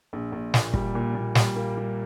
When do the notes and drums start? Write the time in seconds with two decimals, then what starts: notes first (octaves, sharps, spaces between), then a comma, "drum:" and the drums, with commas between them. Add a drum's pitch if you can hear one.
0.13 A#1
0.32 A#1
0.54 A#2, drum: snare
0.74 G3, drum: kick
0.95 A#2
1.15 A#2
1.35 G3, drum: snare
1.56 A#3
1.77 G3